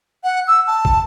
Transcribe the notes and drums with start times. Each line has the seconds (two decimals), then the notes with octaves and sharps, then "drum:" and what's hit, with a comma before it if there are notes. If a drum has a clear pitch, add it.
0.24 F#5
0.48 E6
0.67 A5
0.85 drum: kick